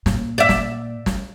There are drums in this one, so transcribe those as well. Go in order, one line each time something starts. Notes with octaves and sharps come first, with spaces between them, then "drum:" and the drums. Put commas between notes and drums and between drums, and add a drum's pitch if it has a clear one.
A#2, drum: snare
D5 E5
drum: snare
drum: snare